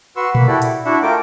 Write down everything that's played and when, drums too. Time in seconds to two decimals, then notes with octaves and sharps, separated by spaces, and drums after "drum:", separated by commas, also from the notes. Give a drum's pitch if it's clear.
0.16 F#4 B4 C6 C#6 E6
0.35 A#3 B4 B5, drum: tom A#2
0.48 E4 F#4 G4 A4 D5
0.62 E4, drum: hi-hat
0.85 D4 E4 F#4 E5 F#5
1.02 A3 F4 A#4 G5 D6